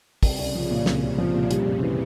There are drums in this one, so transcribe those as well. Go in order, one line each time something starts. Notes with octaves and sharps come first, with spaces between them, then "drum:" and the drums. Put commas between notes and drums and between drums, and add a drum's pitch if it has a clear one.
C2 C#3, drum: kick, open hi-hat
C2
F3
A#2
C2 C3, drum: snare
C2
F3
A#2
G3, drum: hi-hat
F2
E3